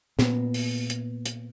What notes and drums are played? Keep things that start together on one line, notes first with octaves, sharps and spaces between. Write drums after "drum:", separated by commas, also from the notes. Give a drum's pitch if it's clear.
A#2 B3, drum: snare
drum: open hi-hat
drum: hi-hat
drum: hi-hat